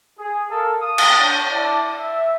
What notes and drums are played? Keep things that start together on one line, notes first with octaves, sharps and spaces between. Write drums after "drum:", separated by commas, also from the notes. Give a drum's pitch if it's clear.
G#4
A4 A#4 F5 A5
F5 D#6
drum: cymbal
D4 C#5 G5
E4 D5 A5
E5